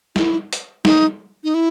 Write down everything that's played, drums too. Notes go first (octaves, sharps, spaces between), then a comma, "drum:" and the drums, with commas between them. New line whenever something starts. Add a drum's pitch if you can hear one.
E4, drum: snare
drum: hi-hat
D#4, drum: snare
D#4
E4